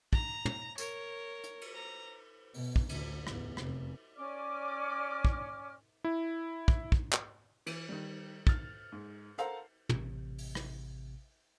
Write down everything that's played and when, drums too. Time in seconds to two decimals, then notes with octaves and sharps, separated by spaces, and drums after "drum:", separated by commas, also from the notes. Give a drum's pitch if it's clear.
0.13 A#5, drum: kick
0.45 drum: tom
0.78 A#4 C#5, drum: tambourine
1.44 drum: hi-hat
1.61 drum: cymbal
1.74 A#5
2.54 B2, drum: open hi-hat
2.76 drum: kick
2.89 A1 D2, drum: cymbal
3.27 A1 E2, drum: rim click
3.57 F1, drum: rim click
4.17 C#4 D5 D6 F6
5.25 drum: kick
6.04 E4
6.68 drum: kick
6.92 drum: kick
7.13 drum: clap
7.66 E3 D7 D#7, drum: cymbal
7.89 D#3 G3
8.47 F6 A6, drum: kick
8.92 G#2
9.38 A4 A#4 C5 F5 F#5 A5, drum: hi-hat
9.89 A1 C3, drum: tom
10.38 drum: open hi-hat
10.55 drum: rim click